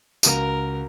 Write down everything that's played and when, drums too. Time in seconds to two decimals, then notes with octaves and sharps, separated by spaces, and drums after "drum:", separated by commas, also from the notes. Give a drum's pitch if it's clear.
0.23 C#2 F#4 A#4 F5, drum: tambourine